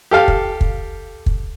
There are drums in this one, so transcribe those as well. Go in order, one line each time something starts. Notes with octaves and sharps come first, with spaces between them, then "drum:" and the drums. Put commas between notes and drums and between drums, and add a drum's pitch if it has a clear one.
G4 A4 F5
drum: kick
drum: kick
drum: kick